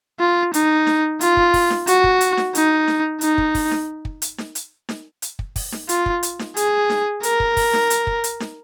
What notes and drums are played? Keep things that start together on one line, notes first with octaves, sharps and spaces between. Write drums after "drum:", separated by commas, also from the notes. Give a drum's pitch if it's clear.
F4
D#4, drum: hi-hat
drum: snare D#4
F4, drum: hi-hat
drum: kick
drum: kick, open hi-hat
drum: snare D#4
F#4, drum: hi-hat
drum: kick
drum: hi-hat
drum: snare D#4
D#4, drum: hi-hat
drum: snare D#4
D#4, drum: hi-hat
drum: kick
drum: kick, open hi-hat
drum: snare D#4
drum: kick
drum: hi-hat
drum: snare D#4
drum: hi-hat
drum: snare D#4
drum: hi-hat
drum: kick
drum: kick, open hi-hat
drum: snare D#4
F4, drum: hi-hat
drum: kick
drum: hi-hat
drum: snare D#4
G#4, drum: hi-hat
drum: snare D#4
A#4, drum: hi-hat
drum: kick
drum: kick, open hi-hat
drum: snare D#4
drum: hi-hat
drum: kick
drum: hi-hat
drum: snare D#4